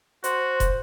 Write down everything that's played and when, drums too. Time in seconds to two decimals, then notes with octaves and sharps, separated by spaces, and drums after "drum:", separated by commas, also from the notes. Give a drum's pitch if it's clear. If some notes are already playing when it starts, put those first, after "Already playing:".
0.24 F#4 C5, drum: hi-hat
0.60 drum: kick, hi-hat